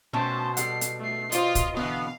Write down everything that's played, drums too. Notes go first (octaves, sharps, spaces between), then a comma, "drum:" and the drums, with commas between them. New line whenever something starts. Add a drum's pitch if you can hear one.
B2 A3 C#4 C5 G5 A5
G3 A4 F#5 C7, drum: hi-hat
drum: hi-hat
A3 C7
F4 C5 D5 D#5, drum: hi-hat
drum: kick, hi-hat
B2 D3 E3 B3 F5